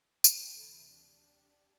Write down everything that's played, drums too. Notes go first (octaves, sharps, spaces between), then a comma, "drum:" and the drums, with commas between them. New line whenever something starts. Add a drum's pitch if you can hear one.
D2 C3 E3 G4 C5, drum: tambourine
E4 A4
D4 G4